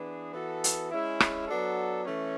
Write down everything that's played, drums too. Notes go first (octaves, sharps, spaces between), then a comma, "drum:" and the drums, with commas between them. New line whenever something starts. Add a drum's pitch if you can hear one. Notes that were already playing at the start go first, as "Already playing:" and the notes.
Already playing: E3 B3 D4 G#4
E3 B3 F#4 A4
drum: hi-hat
G#3 C#4 E4
drum: rim click
F#3 B3 D4 F#4 A4
E3 A3 C#4